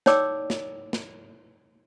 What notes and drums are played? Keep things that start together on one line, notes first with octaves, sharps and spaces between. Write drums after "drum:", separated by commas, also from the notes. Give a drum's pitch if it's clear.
D#4 C#5 D5 G5 D6 E6, drum: snare
drum: snare
drum: snare